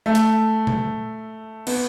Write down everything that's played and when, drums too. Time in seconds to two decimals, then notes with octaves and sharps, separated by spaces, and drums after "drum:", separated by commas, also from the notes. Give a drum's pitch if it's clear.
0.06 A3
0.15 drum: hi-hat
0.67 drum: tom A#2
1.67 B3, drum: cymbal